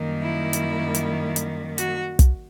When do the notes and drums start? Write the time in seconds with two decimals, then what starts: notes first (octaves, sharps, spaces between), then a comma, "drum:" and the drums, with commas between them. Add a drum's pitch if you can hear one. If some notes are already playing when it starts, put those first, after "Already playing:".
Already playing: F#2 D#3 G3 A#3
0.22 E4
0.53 drum: hi-hat
0.95 drum: hi-hat
1.36 drum: hi-hat
1.78 F#4, drum: hi-hat
2.19 drum: kick, hi-hat